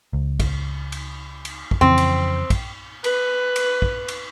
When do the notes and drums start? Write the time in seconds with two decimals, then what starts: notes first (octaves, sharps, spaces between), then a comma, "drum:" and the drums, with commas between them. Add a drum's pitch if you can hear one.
0.13 C#2
0.40 drum: kick, cymbal
0.92 drum: cymbal
1.45 drum: cymbal
1.71 drum: kick
1.81 F2 C#3 E3 C4
1.98 drum: cymbal
2.50 drum: kick, cymbal
3.04 B4, drum: cymbal
3.56 drum: cymbal
3.82 drum: kick
4.08 drum: cymbal